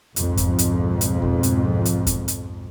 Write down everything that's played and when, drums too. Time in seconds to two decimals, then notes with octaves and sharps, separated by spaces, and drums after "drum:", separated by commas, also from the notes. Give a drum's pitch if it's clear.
0.16 B1 F2 G#2, drum: hi-hat
0.37 drum: kick E2, hi-hat
0.59 drum: hi-hat
1.01 drum: hi-hat
1.22 drum: kick E2
1.43 drum: hi-hat
1.85 drum: hi-hat
2.07 drum: kick E2, hi-hat
2.28 drum: hi-hat